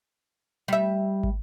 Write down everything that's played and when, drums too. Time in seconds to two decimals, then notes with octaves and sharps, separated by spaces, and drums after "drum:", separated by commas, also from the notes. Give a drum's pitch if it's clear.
0.68 G3 E5
1.24 drum: kick